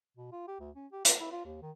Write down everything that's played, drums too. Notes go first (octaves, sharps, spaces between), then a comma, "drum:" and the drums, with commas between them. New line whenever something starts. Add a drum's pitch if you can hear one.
B2
F4
G4
D2
C#4
G4
F4, drum: hi-hat
E4
F4
D#2
D#3